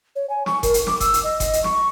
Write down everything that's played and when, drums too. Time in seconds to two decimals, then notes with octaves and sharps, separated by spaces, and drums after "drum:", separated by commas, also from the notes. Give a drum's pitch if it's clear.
0.16 C#5
0.30 G#5
0.46 C#6, drum: snare
0.63 A#4, drum: kick F#1, hi-hat
0.74 drum: hi-hat
0.87 D6, drum: snare
1.00 E6, drum: kick F#1, hi-hat
1.14 drum: hi-hat
1.24 D#5
1.40 drum: kick F#1, hi-hat
1.53 drum: hi-hat
1.64 C#6, drum: snare